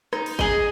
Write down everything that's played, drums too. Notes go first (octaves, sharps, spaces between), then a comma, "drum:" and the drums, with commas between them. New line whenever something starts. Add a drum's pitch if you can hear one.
D#4, drum: rim click
drum: open hi-hat
G#4 D#5, drum: kick G1